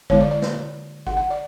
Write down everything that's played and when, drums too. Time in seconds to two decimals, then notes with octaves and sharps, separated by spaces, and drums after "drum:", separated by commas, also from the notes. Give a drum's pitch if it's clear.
0.10 D3 G#3 B3 E4 C#5, drum: kick
0.21 D5
0.31 D5
0.42 drum: snare
1.07 F#5, drum: kick
1.17 F#5
1.30 D5